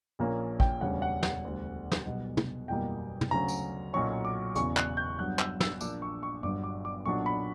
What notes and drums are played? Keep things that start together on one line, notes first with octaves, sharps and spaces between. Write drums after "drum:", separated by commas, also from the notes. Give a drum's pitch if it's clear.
A#1 A#2 A#3 C#4
G5, drum: kick
E1 D2 C#3 G3 C#4 F#5
F#5
F#5, drum: snare
E1 D2 D3 G3
drum: snare
B1 B2 G3 B3
drum: tom
F#1 E2 B2 G3 A#3 G5
drum: tom
D2 C#3 F#3 A#5
drum: tambourine
B1 A#2 F#3 C#4 C#6
D6
E1 E2 C#3 C#6, drum: hi-hat
F#6, drum: clap
G6
G2 F#3 B3 F#6
E6, drum: clap
E6, drum: snare
A#1 A#2 A#3 D4 D6, drum: tambourine
C#6
C#6
G1 G2 F#3 D6
D6
D6
B1 A#2 F#3 B3 D4 C#6
B5